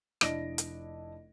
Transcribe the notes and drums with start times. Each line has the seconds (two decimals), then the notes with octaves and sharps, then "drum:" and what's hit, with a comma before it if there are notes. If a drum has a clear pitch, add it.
0.21 F1 D4 E4 D#5 A#6 D7, drum: rim click
0.58 drum: hi-hat